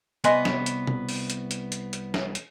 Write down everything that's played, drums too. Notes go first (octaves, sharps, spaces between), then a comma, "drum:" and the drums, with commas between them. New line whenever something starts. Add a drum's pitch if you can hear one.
C2 B3 B4 D#5 G#5 C6, drum: hi-hat
drum: snare
drum: hi-hat
drum: tom B2
drum: open hi-hat
drum: hi-hat
drum: hi-hat
drum: hi-hat
drum: hi-hat
drum: snare
drum: hi-hat